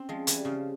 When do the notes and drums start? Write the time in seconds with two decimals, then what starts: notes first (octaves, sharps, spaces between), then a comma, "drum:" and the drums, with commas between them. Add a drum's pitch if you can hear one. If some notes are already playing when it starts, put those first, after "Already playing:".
Already playing: C4 C#4
0.09 F3 G#3
0.15 C#4
0.27 E3 G3, drum: hi-hat
0.40 G4
0.45 C#3 F3